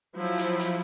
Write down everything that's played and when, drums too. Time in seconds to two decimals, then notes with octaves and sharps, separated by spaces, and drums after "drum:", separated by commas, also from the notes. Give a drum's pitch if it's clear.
0.16 F3 F#3 E4
0.38 drum: hi-hat
0.59 drum: hi-hat